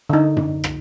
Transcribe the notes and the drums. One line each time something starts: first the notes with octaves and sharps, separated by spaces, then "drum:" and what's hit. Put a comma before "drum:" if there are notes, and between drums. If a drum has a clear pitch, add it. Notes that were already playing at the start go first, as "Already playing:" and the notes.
D3 D#4
drum: tom F#2
drum: rim click